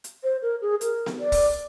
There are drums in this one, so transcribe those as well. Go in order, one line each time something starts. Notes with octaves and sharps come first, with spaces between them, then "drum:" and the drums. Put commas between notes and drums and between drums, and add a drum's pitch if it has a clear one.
drum: hi-hat
C5
A#4
G#4
A#4, drum: hi-hat
drum: snare B3
D5
drum: kick, open hi-hat